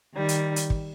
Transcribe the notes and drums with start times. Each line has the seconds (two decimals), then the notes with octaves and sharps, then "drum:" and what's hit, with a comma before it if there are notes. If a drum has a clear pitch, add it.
0.15 D#3 G3
0.29 drum: hi-hat
0.56 drum: hi-hat
0.70 drum: kick